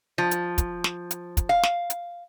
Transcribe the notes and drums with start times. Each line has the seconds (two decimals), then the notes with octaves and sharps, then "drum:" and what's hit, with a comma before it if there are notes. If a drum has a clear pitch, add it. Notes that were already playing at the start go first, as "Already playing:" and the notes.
0.18 F3
0.31 drum: hi-hat
0.58 drum: kick, hi-hat
0.84 drum: snare
1.11 drum: hi-hat
1.37 drum: kick, hi-hat
1.49 F5
1.63 drum: snare
1.90 drum: hi-hat